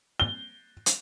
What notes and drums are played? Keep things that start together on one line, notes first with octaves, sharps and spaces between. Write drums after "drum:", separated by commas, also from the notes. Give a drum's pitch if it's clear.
G7
drum: hi-hat